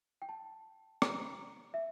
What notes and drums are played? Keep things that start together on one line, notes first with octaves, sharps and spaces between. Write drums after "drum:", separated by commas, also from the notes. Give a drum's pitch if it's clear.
G5
A5
A#5, drum: rim click
E5